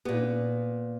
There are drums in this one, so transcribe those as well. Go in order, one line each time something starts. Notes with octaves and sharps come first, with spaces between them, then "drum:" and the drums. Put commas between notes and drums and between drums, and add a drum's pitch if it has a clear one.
A#2 B3, drum: tom